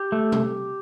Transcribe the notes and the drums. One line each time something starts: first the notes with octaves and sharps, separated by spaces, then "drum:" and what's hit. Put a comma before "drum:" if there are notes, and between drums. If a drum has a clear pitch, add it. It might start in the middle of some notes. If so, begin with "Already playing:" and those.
Already playing: G4
A3
drum: tom